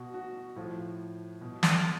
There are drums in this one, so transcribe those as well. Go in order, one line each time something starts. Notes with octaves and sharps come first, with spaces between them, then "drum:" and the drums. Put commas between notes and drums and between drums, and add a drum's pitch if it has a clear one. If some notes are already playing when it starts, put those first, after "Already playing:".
Already playing: B2 F#4
F#4
A2 F3
B2
drum: snare